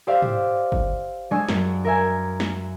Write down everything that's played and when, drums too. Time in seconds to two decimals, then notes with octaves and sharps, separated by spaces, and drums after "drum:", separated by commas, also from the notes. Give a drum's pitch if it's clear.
0.07 G4 C5 D5 E5 F5
0.22 drum: tom
0.72 drum: kick G1
1.31 G#3 D4 G#5 C#6 E6
1.49 F#2, drum: snare
1.85 A#4 E5 G#5
2.40 drum: snare